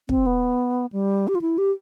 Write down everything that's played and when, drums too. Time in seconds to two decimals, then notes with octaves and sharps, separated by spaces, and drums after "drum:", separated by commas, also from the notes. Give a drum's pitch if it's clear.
0.09 C4, drum: kick
0.26 B3
0.92 G3
1.28 G4
1.35 F4
1.41 E4
1.58 G4